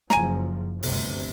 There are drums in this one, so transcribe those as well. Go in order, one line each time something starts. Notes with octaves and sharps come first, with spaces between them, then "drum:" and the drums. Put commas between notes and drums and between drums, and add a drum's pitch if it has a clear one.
F#1 F3 G#5 A#5, drum: snare
G1 D2 C3, drum: open hi-hat